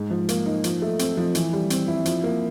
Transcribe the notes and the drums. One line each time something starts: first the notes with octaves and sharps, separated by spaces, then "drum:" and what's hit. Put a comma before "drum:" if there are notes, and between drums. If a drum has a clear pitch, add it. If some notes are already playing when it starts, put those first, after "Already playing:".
Already playing: G#2
F3
A#3, drum: hi-hat
D#4
F3, drum: hi-hat
A3
C4, drum: hi-hat
F3
E3, drum: hi-hat
G3
C4, drum: hi-hat
E4
F3, drum: hi-hat
A#3